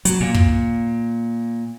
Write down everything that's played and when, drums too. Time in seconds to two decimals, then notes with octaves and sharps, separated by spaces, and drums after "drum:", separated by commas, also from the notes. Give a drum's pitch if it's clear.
0.05 F#3, drum: hi-hat
0.20 A#2
0.34 drum: kick